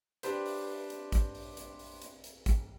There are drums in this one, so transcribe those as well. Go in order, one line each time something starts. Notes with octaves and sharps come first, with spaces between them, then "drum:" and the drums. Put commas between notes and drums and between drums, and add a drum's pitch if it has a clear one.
D4 G4 B4 C5, drum: hi-hat
drum: open hi-hat
drum: hi-hat
drum: kick, hi-hat
drum: open hi-hat
drum: hi-hat
drum: open hi-hat
drum: hi-hat
drum: hi-hat
drum: kick, hi-hat